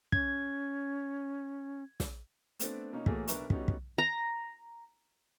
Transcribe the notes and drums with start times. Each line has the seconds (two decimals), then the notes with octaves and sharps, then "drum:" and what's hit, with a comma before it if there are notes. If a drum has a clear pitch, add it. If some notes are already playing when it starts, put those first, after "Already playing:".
0.12 C#4 G#6, drum: kick
2.00 drum: snare
2.60 A3 B3 C4 D4 A4, drum: hi-hat
2.93 B2 A#3 C#4 D#4
3.06 A2 E3 A3 A#3 F#4 G#4, drum: kick
3.28 B1 D4 A#4 B4 E5 C#6, drum: hi-hat
3.50 G3 A3 B3 C#4 D#4 F#4, drum: kick
3.68 drum: kick
3.98 A#5